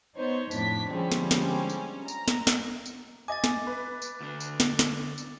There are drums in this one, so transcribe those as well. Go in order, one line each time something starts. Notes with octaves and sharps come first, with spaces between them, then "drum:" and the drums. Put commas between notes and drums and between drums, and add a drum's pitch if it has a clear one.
B3 D#4 C5 C#5
F2 A2 D4 B6, drum: tambourine
D3 F3 G3 G#3 C4 C#4
drum: snare
drum: snare
drum: tambourine
A#5, drum: tambourine
drum: snare
drum: snare
drum: tambourine
D#5 G#5 D6 A6
drum: snare
B4
drum: tambourine
D2 D3
drum: tambourine
drum: snare
drum: snare
drum: tambourine